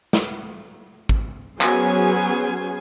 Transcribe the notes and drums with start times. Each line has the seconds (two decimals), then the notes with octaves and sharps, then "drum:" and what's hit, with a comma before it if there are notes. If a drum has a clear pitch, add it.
0.13 drum: snare
1.09 drum: kick G#1
1.61 F#3 B3 C#4 G#4 C5 G#5, drum: clap